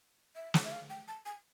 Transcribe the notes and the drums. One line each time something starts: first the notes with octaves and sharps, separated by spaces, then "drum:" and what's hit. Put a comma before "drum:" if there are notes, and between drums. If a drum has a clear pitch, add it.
E5
drum: snare
E5
F5
G5
A5
G#5